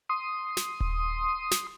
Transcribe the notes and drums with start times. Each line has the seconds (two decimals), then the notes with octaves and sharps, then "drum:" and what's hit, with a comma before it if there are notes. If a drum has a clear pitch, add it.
0.09 C6 D#6
0.57 drum: snare
0.80 drum: kick D#1
1.51 drum: snare